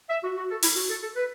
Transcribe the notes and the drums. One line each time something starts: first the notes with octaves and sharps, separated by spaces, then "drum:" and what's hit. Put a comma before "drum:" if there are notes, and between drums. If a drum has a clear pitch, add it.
E5
F#4
F#4
A4
E4, drum: open hi-hat
F#4
A4
A4
B4